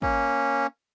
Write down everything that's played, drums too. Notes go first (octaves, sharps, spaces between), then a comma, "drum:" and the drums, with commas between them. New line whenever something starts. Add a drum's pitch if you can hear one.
A#3 C#4, drum: kick